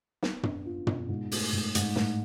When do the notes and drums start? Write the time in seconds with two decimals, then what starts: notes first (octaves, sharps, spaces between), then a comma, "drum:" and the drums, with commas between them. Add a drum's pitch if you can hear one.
0.23 B3, drum: snare
0.43 D4, drum: tom
0.66 F4
0.87 B2, drum: tom
1.09 G#2
1.31 A3, drum: open hi-hat
1.53 G#2
1.75 G#2, drum: hi-hat
1.96 A2, drum: snare